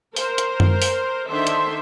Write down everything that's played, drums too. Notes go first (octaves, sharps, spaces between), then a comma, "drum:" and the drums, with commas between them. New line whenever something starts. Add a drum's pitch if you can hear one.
A#4 C5, drum: open hi-hat
drum: hi-hat
drum: tom F#2
drum: open hi-hat
D3 D#3 D4 C5 E5 C6
drum: hi-hat